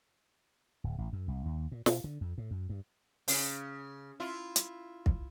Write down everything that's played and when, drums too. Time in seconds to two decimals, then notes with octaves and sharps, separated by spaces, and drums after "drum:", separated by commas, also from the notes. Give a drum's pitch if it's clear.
0.84 D1
0.98 A1
1.13 F#2
1.28 C2
1.46 D#2
1.72 A#2
1.86 B2, drum: snare
2.04 D3
2.21 F2
2.38 A2
2.51 F#2
2.69 G2
3.28 C#3, drum: open hi-hat
4.20 E4 F4
4.56 drum: hi-hat
5.06 drum: kick